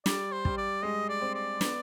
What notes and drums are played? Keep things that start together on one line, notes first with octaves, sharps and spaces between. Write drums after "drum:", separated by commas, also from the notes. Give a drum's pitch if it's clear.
G3 D5, drum: snare
C5
G3, drum: kick
D5
G#3 D#5
D5
C4
D5
B3, drum: snare